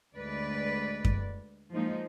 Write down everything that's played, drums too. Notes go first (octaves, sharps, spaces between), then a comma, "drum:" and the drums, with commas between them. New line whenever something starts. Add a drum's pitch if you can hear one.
D2 G#3 B4 D5
drum: kick F#2
F3 G#3 A#3 D#4